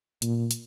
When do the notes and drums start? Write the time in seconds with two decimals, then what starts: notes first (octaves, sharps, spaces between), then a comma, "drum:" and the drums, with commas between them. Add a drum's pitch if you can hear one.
0.22 A#2, drum: hi-hat
0.51 drum: hi-hat